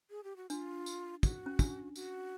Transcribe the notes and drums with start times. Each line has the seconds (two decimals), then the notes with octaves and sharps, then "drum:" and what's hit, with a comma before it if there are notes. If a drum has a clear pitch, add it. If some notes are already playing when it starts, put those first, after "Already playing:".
0.10 G#4
0.24 G4
0.37 F#4
0.50 D4 F4, drum: tambourine
0.86 drum: tambourine
1.23 F#4, drum: kick, tambourine
1.46 C#4
1.59 D4, drum: kick, tambourine
1.95 F#4, drum: tambourine